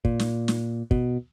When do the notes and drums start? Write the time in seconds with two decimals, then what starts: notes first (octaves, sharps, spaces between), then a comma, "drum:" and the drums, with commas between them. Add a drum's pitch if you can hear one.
0.05 A#2, drum: kick
0.19 drum: snare
0.48 drum: snare
0.91 B2, drum: kick